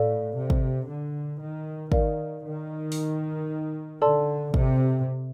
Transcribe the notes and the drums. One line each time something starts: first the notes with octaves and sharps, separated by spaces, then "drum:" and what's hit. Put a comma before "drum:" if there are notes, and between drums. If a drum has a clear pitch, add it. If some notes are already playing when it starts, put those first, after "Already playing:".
Already playing: A2 A4 D5 F5
C3
drum: kick
D3
D#3
D#3 A#4 D5 F5, drum: kick
D#3
drum: open hi-hat
D3 A4 D5 A5 C6
C3, drum: kick